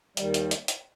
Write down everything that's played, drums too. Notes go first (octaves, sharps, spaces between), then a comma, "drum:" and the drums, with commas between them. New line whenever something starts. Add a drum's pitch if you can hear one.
D#2 D#3 G3, drum: hi-hat
drum: hi-hat
drum: hi-hat
drum: hi-hat